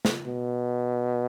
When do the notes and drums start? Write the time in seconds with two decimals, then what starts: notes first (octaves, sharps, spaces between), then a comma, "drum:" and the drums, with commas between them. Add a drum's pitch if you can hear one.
0.05 drum: snare
0.26 B2